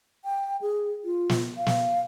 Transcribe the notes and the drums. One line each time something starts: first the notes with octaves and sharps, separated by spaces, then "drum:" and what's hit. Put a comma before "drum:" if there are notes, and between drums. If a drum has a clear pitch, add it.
G5
G#4
F4
drum: snare
F5
drum: snare